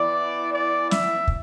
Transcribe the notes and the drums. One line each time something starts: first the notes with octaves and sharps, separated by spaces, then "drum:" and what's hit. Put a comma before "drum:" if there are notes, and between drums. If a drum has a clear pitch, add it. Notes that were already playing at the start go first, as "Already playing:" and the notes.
Already playing: E3 B3 E4 D5
D5
E5, drum: snare
drum: kick